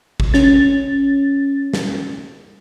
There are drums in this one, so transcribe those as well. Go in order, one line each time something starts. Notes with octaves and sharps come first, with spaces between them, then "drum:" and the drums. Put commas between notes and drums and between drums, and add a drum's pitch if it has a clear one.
drum: kick
C#4 A6, drum: snare
drum: snare